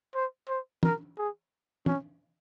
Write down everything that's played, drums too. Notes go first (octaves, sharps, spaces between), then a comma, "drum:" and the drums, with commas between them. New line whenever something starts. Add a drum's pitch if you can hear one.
C5
C5
A#4, drum: tom
G#4
C#4, drum: tom